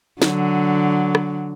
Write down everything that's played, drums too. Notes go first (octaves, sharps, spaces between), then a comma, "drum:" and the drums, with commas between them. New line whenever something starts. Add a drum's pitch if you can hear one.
D3 F#3, drum: snare
drum: rim click